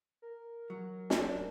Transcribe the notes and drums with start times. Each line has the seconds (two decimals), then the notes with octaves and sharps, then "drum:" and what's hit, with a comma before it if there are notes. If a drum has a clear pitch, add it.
0.22 A#4
0.70 F#3
1.10 drum: snare
1.21 D4 C5